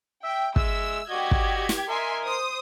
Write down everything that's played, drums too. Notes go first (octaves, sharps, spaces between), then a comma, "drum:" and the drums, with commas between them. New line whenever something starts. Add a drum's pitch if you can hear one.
E5 G5
G#3 E5 E6, drum: kick
F#4 G4 D5 D#5 G#6
drum: kick
drum: snare
A#4 D#5 E5 G#5 C6
C5 D#6